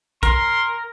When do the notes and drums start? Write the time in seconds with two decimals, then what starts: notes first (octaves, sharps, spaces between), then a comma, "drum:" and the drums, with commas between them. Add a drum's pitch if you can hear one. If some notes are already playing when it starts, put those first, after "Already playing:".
0.23 A#4 C6, drum: kick B1, hi-hat